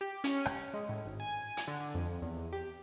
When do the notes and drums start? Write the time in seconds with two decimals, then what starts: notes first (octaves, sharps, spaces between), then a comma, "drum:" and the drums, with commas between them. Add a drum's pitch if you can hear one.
0.01 G4
0.24 C#4, drum: hi-hat
0.45 drum: rim click
0.74 G#3
0.89 A2
1.06 G#1
1.20 G#5
1.57 drum: hi-hat
1.68 D3
1.80 D3
1.95 F2
2.22 E2
2.53 G4